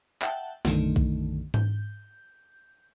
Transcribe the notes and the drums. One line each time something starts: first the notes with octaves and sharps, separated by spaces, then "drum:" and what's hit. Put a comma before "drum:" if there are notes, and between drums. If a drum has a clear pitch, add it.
E5 F#5 G5 A5, drum: clap
B1 F#2 D3 D#3 A3, drum: snare
drum: kick B1
G6, drum: tom G#2